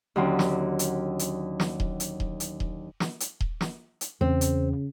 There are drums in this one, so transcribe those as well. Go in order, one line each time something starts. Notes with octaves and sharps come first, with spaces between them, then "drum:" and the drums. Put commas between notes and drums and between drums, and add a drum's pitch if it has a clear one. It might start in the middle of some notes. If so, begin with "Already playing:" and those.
D#2 D3 F#3 C#4 C6
drum: snare
drum: hi-hat
drum: hi-hat
drum: snare
drum: kick D#1
drum: hi-hat
drum: kick D#1
drum: hi-hat
drum: kick D#1
drum: snare
drum: hi-hat
drum: kick D#1
drum: snare
drum: hi-hat
E2 C#3 C4
drum: hi-hat